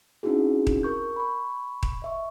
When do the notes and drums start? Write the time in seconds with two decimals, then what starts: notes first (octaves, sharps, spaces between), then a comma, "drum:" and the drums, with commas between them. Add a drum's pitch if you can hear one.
0.23 C4 C#4 D#4 E4 F#4 G#4
0.67 drum: kick D#1
0.83 A#4 C#6 G6
1.16 B5 C#6
1.83 drum: kick D#1
2.02 D#5 E5 C#6